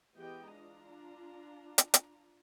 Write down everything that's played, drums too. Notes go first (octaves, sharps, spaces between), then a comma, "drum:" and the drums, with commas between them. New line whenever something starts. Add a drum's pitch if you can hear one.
E3 G#3 B3 G4 D#5 G5
D4 F4 A#5
drum: hi-hat
drum: hi-hat